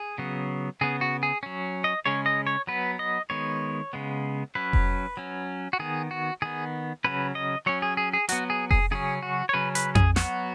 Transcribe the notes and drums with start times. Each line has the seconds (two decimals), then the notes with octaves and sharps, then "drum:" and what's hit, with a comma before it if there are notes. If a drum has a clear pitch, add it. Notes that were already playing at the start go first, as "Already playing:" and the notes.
Already playing: G#4
0.18 C#3 F#3 B3
0.81 C#3 B3 G#4
1.01 F#4
1.23 G#4
1.43 F#3 C#4
1.84 D#5
2.06 C#3 G#3 C#4 C#5
2.26 D#5
2.47 C#5
2.67 F#3 B3 B4
2.99 D#5
3.30 D#3 G#3 B3 C#5
3.93 C#3 G#3 B3
4.55 F#3 C#4 B4
4.73 drum: kick F1
5.17 F#3 C#4
5.73 F#4
5.79 D#3 B3 G#4
6.11 F#4
6.42 D#3 B3 G#4
7.04 C#3 F#3 C#4 B4
7.35 D#5
7.66 F#3 C#4 C#5
7.82 G#4
7.97 G#4
8.13 G#4
8.29 F#3 B3 F#4, drum: hi-hat
8.50 G#4
8.71 G#4, drum: kick F1
8.91 C#3 F#3 C#4 G#4
9.23 F#4
9.49 C#5
9.54 C#3 F#3 C#4 B4
9.75 B4, drum: hi-hat
9.95 G#4, drum: tom F2
10.16 F#3 B3 F#4, drum: snare